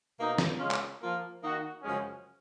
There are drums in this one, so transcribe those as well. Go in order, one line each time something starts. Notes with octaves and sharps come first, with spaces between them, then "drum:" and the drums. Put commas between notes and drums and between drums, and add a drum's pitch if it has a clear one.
B2 A#3 D#4
drum: snare
C#3 G#3 C#4 F4
drum: clap
F3 A#3 F4
D#3 A#3 D#4 F#4
F#2 C#3 F3 G#3 C#4